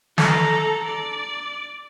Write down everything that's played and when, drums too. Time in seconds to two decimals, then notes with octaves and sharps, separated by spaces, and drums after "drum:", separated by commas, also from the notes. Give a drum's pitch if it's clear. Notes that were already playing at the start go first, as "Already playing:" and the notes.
0.18 A4 A#5, drum: snare
0.86 D5